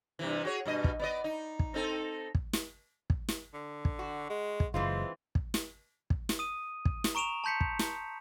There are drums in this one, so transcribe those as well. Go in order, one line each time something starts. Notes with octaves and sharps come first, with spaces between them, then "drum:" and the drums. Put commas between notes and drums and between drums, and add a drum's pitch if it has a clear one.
G2 C3 E3
F#4 G#4 C#5
G2 B2 D#5
drum: kick
B3 D5 D#5
D#4
drum: kick
C4 D#4 A4
drum: kick
drum: snare
drum: kick
drum: snare
D3
drum: kick
F#4
G#3
drum: kick
F#1 E3 G#3 C4 F4
drum: kick
drum: snare
drum: kick
drum: snare
D#6 D#7
drum: kick
drum: snare
A#5 C#6 D7 E7 F7
A5 C6 G6 B6 C#7
drum: kick
drum: snare